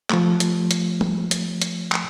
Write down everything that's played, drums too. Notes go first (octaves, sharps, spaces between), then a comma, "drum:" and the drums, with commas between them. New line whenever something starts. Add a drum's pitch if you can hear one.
F3 A3, drum: clap
drum: hi-hat
drum: hi-hat
drum: tom
drum: hi-hat
drum: hi-hat
drum: clap